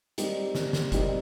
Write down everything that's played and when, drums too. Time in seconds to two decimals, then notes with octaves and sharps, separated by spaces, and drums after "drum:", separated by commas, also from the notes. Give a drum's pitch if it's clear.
0.18 G3 C4 D#4 G4 A#4, drum: hi-hat
0.55 drum: snare
0.73 drum: snare
0.92 G3 C4 D#4 G4 A#4, drum: kick, hi-hat